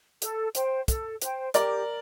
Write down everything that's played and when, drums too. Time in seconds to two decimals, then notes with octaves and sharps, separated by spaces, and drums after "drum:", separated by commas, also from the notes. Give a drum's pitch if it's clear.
0.22 A4, drum: hi-hat
0.55 C5 G5, drum: hi-hat
0.88 A4, drum: kick, hi-hat
1.22 C5 G5, drum: hi-hat
1.54 G4 A#4 D5, drum: hi-hat